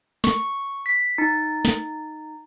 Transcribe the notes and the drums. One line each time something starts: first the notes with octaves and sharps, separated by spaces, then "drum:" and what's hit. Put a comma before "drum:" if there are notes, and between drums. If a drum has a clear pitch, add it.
C#6, drum: snare
B6
D#4
drum: snare